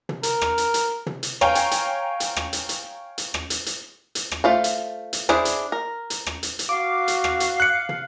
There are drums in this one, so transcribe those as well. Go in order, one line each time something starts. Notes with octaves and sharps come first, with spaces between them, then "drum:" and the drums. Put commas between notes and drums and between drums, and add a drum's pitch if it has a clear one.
drum: tom
A#4, drum: hi-hat
drum: rim click
drum: hi-hat
drum: hi-hat
drum: tom
drum: hi-hat
C#5 F5 G5 G#5 A#5, drum: rim click
drum: hi-hat
drum: hi-hat
drum: hi-hat
drum: rim click
drum: hi-hat
drum: hi-hat
drum: hi-hat
drum: rim click
drum: hi-hat
drum: hi-hat
drum: hi-hat
drum: rim click
A3 F4 C5
drum: hi-hat
drum: hi-hat
D4 E4 G#4 C5, drum: rim click
drum: hi-hat
A#4
drum: hi-hat
drum: rim click
drum: hi-hat
drum: hi-hat
F#4 F5 D6
drum: hi-hat
drum: rim click
drum: hi-hat
F#6 C#7
drum: tom